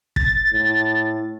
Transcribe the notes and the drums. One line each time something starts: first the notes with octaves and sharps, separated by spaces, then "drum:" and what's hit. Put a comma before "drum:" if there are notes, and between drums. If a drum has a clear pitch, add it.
A6, drum: kick
A2